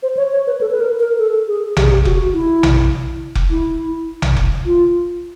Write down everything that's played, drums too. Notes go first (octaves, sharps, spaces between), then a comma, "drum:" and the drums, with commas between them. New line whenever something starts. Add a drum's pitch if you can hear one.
C5
C#5
C#5
B4
A4
B4
A#4
A#4
A4
G#4
G4, drum: tom A#1
G#4
G4
F#4, drum: kick F1
E4
drum: tom A#1
drum: kick F1
E4
drum: tom A#1
drum: kick F1
F4